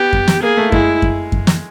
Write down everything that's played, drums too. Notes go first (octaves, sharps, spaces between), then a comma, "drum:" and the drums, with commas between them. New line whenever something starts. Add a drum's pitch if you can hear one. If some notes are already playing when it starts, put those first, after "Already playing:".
Already playing: B3 G4
drum: kick F#2
drum: snare
A#3 G#4
A3
G#3 E4, drum: kick F#2
drum: kick F#2
drum: kick F#2
drum: snare